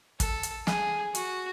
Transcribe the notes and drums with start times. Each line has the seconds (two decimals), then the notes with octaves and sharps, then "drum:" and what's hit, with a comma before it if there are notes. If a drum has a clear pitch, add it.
0.20 A4, drum: kick, hi-hat
0.43 drum: hi-hat
0.67 G#4, drum: snare
1.15 F#4, drum: hi-hat